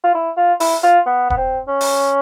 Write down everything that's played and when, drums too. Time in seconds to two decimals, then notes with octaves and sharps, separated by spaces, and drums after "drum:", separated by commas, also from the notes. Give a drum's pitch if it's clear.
0.04 F4
0.15 E4
0.37 F4
0.60 E4, drum: open hi-hat
0.83 F4
1.06 B3
1.30 B3, drum: kick D#1
1.37 C4
1.68 C#4
1.81 drum: open hi-hat